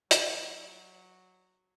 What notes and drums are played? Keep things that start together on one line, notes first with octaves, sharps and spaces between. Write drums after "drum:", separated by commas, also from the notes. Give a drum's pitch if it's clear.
F#3, drum: hi-hat